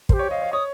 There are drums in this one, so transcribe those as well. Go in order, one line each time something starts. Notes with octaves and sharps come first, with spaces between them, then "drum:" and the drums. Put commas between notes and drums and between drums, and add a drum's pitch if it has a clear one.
G4 A#4 C5, drum: kick
C#5
D#5 F5
C#5
C#5 D#6